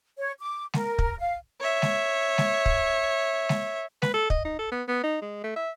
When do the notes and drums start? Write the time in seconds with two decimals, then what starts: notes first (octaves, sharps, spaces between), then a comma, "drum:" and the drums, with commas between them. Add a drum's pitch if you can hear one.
0.18 C#5
0.40 D6
0.74 A#4, drum: snare G#3
0.99 drum: kick
1.19 F5
1.60 C#5 E5
1.82 drum: snare G#3
2.38 drum: snare G#3
2.66 drum: kick
3.49 drum: snare G#3
4.02 B4, drum: snare G#3
4.14 A4
4.30 D#5, drum: kick
4.45 D#4
4.59 A4
4.72 B3
4.88 B3
5.04 D#4
5.22 G#3
5.44 A3
5.56 E5